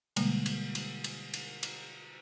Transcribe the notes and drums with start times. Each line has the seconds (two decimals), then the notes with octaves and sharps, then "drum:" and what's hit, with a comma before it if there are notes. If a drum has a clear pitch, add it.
0.16 B2 D3 G3 G#3 A#3, drum: cymbal
0.46 drum: cymbal
0.75 drum: cymbal
1.04 drum: cymbal
1.34 drum: cymbal
1.63 drum: cymbal